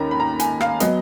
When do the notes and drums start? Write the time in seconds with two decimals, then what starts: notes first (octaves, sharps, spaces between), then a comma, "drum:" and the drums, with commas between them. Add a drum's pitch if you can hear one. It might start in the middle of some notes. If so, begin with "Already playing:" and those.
Already playing: D#2 D#3 A#3 C#4 A#5 B5
0.11 B5
0.20 A#5
0.40 G#5, drum: hi-hat
0.61 F5, drum: rim click
0.80 F#3 B3 D#5, drum: hi-hat